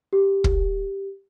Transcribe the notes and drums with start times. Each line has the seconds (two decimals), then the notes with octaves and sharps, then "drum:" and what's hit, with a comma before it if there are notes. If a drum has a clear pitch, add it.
0.13 G4
0.44 drum: kick